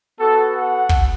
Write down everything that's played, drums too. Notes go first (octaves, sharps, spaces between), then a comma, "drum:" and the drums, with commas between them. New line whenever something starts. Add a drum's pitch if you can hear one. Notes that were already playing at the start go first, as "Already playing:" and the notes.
B3 F#4 A4
F#5
drum: kick